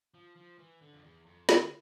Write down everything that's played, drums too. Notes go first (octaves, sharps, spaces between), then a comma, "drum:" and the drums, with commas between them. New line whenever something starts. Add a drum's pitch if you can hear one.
F3
F3
E3
D3
F2
E2
F2
D3, drum: snare